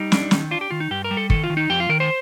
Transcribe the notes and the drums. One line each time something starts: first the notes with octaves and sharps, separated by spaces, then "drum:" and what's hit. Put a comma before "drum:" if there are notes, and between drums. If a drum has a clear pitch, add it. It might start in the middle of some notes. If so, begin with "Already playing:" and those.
Already playing: G3 D#4
D4, drum: snare
D#3, drum: snare
D4 F4
G4
D#3 F4
D#4
G2 G4
A#4
G3
A4
D#3 A4, drum: kick
F4
D#3
D#4
F2 G4
F4
D#3 A#4
C5